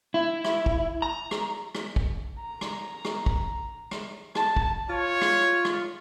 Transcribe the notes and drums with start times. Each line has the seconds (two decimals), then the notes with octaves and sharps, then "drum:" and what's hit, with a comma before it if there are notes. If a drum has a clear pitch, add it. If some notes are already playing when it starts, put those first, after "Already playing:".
0.14 E4
0.44 drum: rim click
0.66 drum: kick
1.02 A#5
1.31 drum: rim click
1.75 drum: rim click
1.96 drum: kick
2.40 A#5
2.61 drum: rim click
3.05 drum: rim click
3.26 drum: kick
3.91 drum: rim click
4.35 A5, drum: rim click
4.56 drum: kick
4.90 F4 C#5
5.22 drum: rim click
5.65 drum: rim click